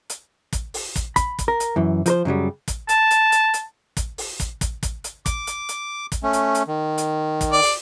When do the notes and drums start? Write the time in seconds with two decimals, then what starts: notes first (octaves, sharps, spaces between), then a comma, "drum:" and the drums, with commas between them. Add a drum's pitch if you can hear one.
0.10 drum: hi-hat
0.53 drum: kick, hi-hat
0.74 drum: open hi-hat
0.96 drum: kick, hi-hat
1.16 B5, drum: kick, hi-hat
1.39 drum: kick, hi-hat
1.48 A#4
1.60 drum: hi-hat
1.76 F#2 E3
2.06 F3 A#4 C5, drum: hi-hat
2.25 F#2 C#3 F#3 G3
2.68 drum: kick, hi-hat
2.89 A5, drum: hi-hat
3.11 drum: hi-hat
3.32 drum: hi-hat
3.54 drum: hi-hat
3.97 drum: kick, hi-hat
4.18 drum: open hi-hat
4.40 drum: kick, hi-hat
4.61 drum: kick, hi-hat
4.83 drum: kick, hi-hat
5.04 drum: hi-hat
5.26 D6, drum: kick, hi-hat
5.47 drum: hi-hat
5.69 drum: hi-hat
6.12 drum: kick, hi-hat
6.23 A3 C#4
6.33 drum: hi-hat
6.55 drum: hi-hat
6.68 D#3
6.98 drum: hi-hat
7.41 drum: kick, hi-hat
7.53 D5
7.62 drum: open hi-hat